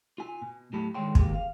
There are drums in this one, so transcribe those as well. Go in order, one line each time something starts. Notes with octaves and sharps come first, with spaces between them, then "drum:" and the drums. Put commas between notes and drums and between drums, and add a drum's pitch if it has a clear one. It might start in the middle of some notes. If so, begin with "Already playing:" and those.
F4 G#5
B2
A2 F#3 G4 A5 B5
D3 D#3 G#3 C#5 G5 C6
G#2 B2 D#3 G#3 A#3 G4, drum: kick
F5